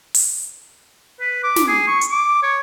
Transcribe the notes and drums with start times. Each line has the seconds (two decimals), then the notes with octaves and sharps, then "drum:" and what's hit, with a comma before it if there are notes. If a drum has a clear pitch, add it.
0.14 drum: open hi-hat
1.20 B4
1.43 D6
1.56 drum: snare
1.67 G#4
1.87 C#6
2.01 drum: hi-hat
2.10 D6
2.42 C#5